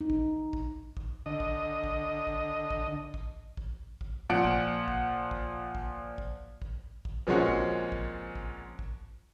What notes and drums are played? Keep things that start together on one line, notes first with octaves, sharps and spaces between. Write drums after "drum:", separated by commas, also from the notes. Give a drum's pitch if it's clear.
D#4
drum: kick
drum: kick
drum: kick
D3 D#5
drum: kick
drum: kick
drum: kick
drum: kick
drum: kick
drum: kick
drum: kick
A#2 F3 F#5 D7
drum: kick
drum: kick
drum: kick
drum: kick
drum: kick
drum: kick
drum: kick
A#2 F3 G#3 C4 C#4 F#4
drum: kick
drum: kick
drum: kick
drum: kick